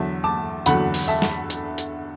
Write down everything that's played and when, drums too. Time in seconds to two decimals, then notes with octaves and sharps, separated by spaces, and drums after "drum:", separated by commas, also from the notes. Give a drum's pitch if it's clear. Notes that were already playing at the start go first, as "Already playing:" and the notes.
Already playing: E2 D3 F#3 E5 A5
0.24 A5 D6
0.66 E2 D3 F#3 F#5 B5, drum: hi-hat
0.94 drum: open hi-hat
1.07 E5 A5
1.22 drum: snare
1.50 drum: hi-hat
1.78 drum: hi-hat